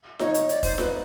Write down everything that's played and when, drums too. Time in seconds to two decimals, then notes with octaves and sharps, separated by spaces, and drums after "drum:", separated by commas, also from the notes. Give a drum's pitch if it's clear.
0.19 D#4 C#5, drum: snare F4
0.34 drum: hi-hat
0.49 D5, drum: hi-hat
0.63 C5, drum: kick F1, open hi-hat
0.78 B4, drum: snare F4